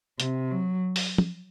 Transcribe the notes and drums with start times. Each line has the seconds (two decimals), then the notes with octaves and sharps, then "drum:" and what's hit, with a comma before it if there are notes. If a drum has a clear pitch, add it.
0.20 C3, drum: hi-hat
0.50 F#3
0.96 drum: open hi-hat
1.18 drum: tom